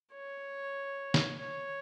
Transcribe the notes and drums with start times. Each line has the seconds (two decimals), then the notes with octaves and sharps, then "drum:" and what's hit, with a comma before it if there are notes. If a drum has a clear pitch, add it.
0.13 C#5
1.14 drum: snare
1.40 C#5